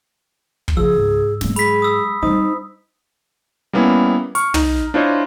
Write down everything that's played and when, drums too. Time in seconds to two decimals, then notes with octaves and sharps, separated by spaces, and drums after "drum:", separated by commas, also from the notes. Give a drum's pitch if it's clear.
0.68 drum: kick
0.77 C#2 F3 G#4 E6
0.98 G#2
1.41 F#3 G#3, drum: snare
1.56 G#4 B5 B6, drum: hi-hat
1.82 D#6 E6
2.23 G3 C4 D#4 C5 D#6
3.73 G3 A#3 B3 C#4 E4
4.35 C#6 F6, drum: hi-hat
4.54 D#4, drum: tom
4.94 D4 E4 F4 C5 C#5 D#5